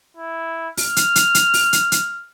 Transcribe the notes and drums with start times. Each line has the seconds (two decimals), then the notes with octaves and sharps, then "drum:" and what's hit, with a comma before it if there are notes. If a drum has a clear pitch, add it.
0.17 E4
0.77 F6, drum: open hi-hat
0.96 drum: hi-hat
1.16 drum: hi-hat
1.35 drum: hi-hat
1.54 drum: open hi-hat
1.73 drum: hi-hat
1.92 drum: hi-hat